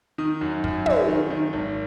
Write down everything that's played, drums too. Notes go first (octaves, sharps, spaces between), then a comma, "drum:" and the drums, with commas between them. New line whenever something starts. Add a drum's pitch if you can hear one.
D#3 D#6
F#2
F#2, drum: kick
F#2, drum: tom
D#3
D#3
G#1